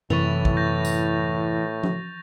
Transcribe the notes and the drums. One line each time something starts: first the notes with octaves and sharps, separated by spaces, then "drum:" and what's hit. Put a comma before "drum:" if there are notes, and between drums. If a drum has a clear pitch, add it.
F#2 A2 C3 E3 C#6 A6 F7
drum: kick
G6 A6 A#6
drum: tambourine
drum: tom F3